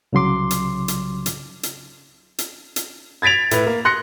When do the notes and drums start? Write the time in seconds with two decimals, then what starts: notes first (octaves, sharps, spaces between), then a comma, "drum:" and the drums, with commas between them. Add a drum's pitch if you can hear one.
0.13 C2 C#3 F#3 C6 D6
0.51 drum: hi-hat
0.88 drum: hi-hat
1.26 drum: hi-hat
1.63 drum: hi-hat
2.38 drum: hi-hat
2.76 drum: hi-hat
3.22 G#6 A6 B6 D7 F7
3.51 A2 B4, drum: hi-hat
3.67 A#3
3.85 C6 F#6 A#6 C#7